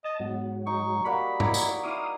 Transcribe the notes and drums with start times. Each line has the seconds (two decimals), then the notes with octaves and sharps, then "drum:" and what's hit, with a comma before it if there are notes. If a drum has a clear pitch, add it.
0.04 D#5 A5
0.20 G#2 F#3 B3
0.67 D#4 C#6
1.05 G3 A#3 F#4 B5
1.40 A#3 D#4 E4 C#5 A#5 D6, drum: tom G#2
1.54 drum: tambourine
1.84 D#4 E4 D#5 F5 D6 D#6